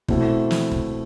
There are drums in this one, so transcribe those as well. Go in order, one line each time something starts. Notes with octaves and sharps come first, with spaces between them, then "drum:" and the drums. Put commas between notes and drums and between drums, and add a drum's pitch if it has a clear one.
B2 A3 C4 E4, drum: kick
drum: snare
drum: kick